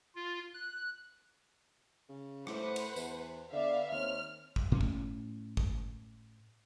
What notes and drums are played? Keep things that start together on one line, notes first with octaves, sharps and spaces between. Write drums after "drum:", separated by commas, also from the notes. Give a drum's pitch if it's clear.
F4
F#6
C#3
A2 B4 C5 F#5, drum: rim click
drum: cymbal
E2, drum: tambourine
D3 B3 D5 E5 F5
D#2 C4 C#5 F6
drum: kick
A2 C#4
drum: kick
drum: kick